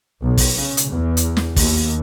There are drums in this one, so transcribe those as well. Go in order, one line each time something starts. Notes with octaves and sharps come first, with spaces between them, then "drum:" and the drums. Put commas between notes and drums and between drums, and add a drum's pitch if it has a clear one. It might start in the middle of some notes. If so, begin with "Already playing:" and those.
B1
drum: kick, open hi-hat
C#3
drum: hi-hat
E2
drum: hi-hat
drum: snare
D#2, drum: kick, open hi-hat